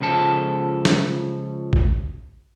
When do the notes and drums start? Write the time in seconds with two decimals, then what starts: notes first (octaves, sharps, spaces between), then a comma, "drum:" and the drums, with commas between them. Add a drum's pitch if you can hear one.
0.01 C#2 C#3 F3 A4 A5
0.85 drum: snare
1.73 drum: kick